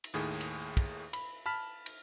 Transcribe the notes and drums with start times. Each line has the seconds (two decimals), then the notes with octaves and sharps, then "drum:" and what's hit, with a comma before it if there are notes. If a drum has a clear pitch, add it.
0.04 drum: cymbal
0.14 D#2 A2 D#3 G#4
0.40 drum: cymbal
0.77 drum: kick, cymbal
1.13 B5, drum: cymbal
1.46 A5 B5 F6 B6
1.86 drum: cymbal